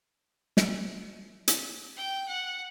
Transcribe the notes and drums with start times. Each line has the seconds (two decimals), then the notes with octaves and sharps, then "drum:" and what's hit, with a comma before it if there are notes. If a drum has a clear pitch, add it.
0.57 drum: snare
1.48 drum: hi-hat
1.97 G5
2.28 F#5